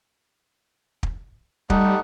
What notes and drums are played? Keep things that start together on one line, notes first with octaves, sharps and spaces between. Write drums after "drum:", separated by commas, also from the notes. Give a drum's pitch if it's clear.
drum: kick
G3 A3 D#4 F#5, drum: kick